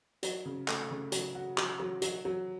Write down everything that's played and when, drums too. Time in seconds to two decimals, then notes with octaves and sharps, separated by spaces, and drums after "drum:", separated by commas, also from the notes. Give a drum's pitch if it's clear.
0.23 F#3, drum: hi-hat
0.46 C#3
0.68 A3, drum: clap
0.91 C#3
1.12 F#3, drum: hi-hat
1.35 F#4
1.58 F#3, drum: clap
1.80 F#3
2.02 F#3, drum: hi-hat
2.25 F#3